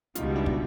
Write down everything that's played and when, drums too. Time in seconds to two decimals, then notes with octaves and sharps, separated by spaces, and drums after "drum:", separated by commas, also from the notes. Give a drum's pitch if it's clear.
0.15 C#2 B2 G3 D#4 F4, drum: hi-hat
0.35 D4 E4
0.46 drum: kick